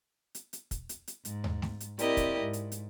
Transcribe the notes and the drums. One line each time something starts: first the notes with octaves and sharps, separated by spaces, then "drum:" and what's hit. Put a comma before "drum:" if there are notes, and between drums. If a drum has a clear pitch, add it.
drum: hi-hat
drum: hi-hat
drum: kick, hi-hat
drum: hi-hat
drum: hi-hat
G#2, drum: hi-hat
drum: tom D#2
drum: snare A3
drum: hi-hat
C4 E4 G4 A#4 D5 D#5, drum: hi-hat
drum: kick, hi-hat
G#2
drum: hi-hat
drum: hi-hat